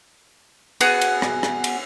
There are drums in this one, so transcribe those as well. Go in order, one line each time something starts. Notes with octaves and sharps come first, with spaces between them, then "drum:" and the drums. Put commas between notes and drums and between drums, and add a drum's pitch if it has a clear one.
B3 F#4 G#4, drum: cymbal
drum: cymbal
drum: rim click
drum: rim click
drum: cymbal